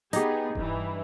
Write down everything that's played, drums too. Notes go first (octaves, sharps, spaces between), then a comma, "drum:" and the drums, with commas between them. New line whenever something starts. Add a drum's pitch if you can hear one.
B3 D#4 G4 G#4, drum: hi-hat
G2 E3, drum: kick D#1